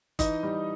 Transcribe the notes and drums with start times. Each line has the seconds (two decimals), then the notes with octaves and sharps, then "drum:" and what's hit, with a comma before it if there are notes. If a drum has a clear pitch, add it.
0.19 E3 D#4 D#5, drum: kick G1, hi-hat
0.43 G3